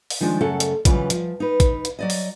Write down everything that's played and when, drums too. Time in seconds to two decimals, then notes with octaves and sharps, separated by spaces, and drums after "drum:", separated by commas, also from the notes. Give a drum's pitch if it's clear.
0.10 drum: open hi-hat
0.21 D#3 F3 G#3 D4
0.41 F#2 C#3 A3 A4 F#5
0.60 drum: hi-hat
0.85 C#3 E3 F#3 G3 F4 B4, drum: kick, hi-hat
1.10 F3, drum: hi-hat
1.40 D#4 B4
1.60 drum: kick, hi-hat
1.85 drum: hi-hat
1.99 F#3 D5 D#5
2.10 drum: open hi-hat